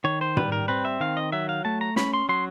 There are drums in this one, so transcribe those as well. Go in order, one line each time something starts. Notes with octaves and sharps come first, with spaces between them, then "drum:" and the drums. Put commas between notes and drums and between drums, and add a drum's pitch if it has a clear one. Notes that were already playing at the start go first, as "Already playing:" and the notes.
D#3 C#5
C5
G3 B4, drum: tom
A#4
C4 B4
E5
D#3 F5
D#5
F#3 E5
F5
A3 A5
A#5
C#4 B5, drum: snare
C6
F#3 C6